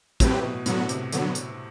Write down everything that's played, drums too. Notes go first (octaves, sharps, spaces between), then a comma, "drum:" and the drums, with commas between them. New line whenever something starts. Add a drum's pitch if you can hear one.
A2 F#3 A3 C4 G4 B4, drum: kick, hi-hat
B2
A2 D3 F#3 B3 F#4, drum: hi-hat
C3, drum: hi-hat
D3 F#3 B3, drum: hi-hat
drum: hi-hat